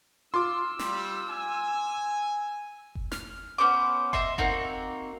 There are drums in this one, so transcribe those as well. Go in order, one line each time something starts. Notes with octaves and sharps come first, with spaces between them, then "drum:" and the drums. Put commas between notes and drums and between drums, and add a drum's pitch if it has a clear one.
F4 C6 D6 E6
G3, drum: snare
G#5
drum: kick F#1
F6, drum: snare
B3 C#4 C5 D6
D#5 E5 C6, drum: kick F#1
A#3 C4 D#4 F#4, drum: kick F#1